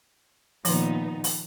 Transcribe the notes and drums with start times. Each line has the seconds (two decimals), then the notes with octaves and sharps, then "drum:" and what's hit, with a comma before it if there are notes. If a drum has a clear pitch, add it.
0.65 A#2 D#3 F3 B3 D#4, drum: open hi-hat
1.24 drum: open hi-hat